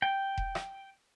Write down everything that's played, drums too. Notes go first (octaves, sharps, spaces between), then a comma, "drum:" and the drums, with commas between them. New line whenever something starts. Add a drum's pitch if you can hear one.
G5
drum: kick E1
drum: rim click